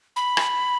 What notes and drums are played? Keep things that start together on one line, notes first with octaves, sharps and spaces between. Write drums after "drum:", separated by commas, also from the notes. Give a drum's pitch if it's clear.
B5
drum: rim click